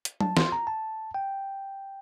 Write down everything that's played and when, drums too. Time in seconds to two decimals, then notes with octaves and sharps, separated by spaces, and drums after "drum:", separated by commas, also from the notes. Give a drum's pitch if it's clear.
0.05 drum: hi-hat
0.21 A5, drum: tom F#3
0.37 C6, drum: snare
0.52 A#5
0.67 A5
1.14 G5